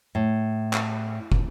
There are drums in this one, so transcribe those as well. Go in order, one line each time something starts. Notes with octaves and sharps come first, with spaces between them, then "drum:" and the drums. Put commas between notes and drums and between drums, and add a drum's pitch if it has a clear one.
A2
drum: clap
drum: kick